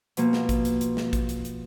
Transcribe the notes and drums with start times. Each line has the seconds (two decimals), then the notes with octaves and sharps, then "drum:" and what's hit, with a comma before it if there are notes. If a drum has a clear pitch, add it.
0.17 B2 F3 A#3, drum: hi-hat
0.33 drum: snare
0.49 drum: kick, hi-hat
0.65 drum: hi-hat
0.81 drum: hi-hat
0.97 drum: snare
1.13 drum: kick, hi-hat
1.29 drum: hi-hat
1.45 drum: hi-hat